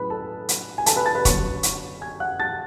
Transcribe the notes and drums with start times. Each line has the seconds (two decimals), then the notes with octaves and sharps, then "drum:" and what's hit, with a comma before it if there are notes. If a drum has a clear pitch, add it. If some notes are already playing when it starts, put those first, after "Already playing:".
Already playing: A2 F#3 C#4 G#4 B4 B5
0.10 A4 A5
0.49 drum: hi-hat
0.78 G#5
0.86 A4 A5, drum: hi-hat
0.96 B4 B5
1.06 A5 A6
1.15 B4 B5
1.25 F#2 D3 F#3 B3 C#5 C#6, drum: kick, hi-hat
1.63 drum: hi-hat
2.01 G#5 G#6
2.20 F#5 F#6
2.40 A5 A6